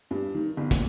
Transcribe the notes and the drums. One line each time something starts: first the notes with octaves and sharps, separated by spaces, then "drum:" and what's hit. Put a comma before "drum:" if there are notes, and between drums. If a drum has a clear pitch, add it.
G2
D#3
G1
A#2, drum: kick, hi-hat